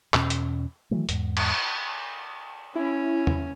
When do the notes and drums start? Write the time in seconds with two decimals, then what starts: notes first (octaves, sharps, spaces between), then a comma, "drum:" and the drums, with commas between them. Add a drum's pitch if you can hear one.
0.14 E2 B2 C#4, drum: clap
0.30 drum: hi-hat
0.91 D#3 E3 F#3 A3
1.09 E2 G#2, drum: hi-hat
1.37 drum: cymbal
2.75 C#4 E4
3.27 drum: tom E2